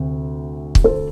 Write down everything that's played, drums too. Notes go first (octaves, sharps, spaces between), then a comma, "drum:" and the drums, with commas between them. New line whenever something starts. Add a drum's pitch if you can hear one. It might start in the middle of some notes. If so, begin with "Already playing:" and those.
Already playing: D2 C3
drum: kick
A4 C5